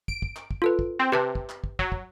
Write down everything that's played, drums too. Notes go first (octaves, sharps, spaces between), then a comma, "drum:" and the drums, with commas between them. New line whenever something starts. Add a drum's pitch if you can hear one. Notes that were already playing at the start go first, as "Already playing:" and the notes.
D7, drum: kick
drum: kick
drum: clap
drum: kick
F4 A4 B4
drum: kick
C4
C3 G4 B4 A5
drum: kick
drum: clap
drum: kick
F#3, drum: kick
drum: kick